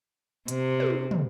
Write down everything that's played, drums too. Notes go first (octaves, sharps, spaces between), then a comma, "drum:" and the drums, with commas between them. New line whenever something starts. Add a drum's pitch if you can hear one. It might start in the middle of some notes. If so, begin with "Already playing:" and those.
C3, drum: hi-hat
drum: tom
drum: tom